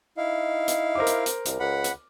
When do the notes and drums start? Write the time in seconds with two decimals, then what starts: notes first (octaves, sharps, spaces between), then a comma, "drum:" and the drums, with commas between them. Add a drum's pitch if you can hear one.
0.17 D#4 E4 F5
0.68 drum: hi-hat
0.95 A#4 C5 D6
1.07 drum: hi-hat
1.26 drum: hi-hat
1.45 C2, drum: hi-hat
1.60 C#2 F#5 B5
1.84 drum: hi-hat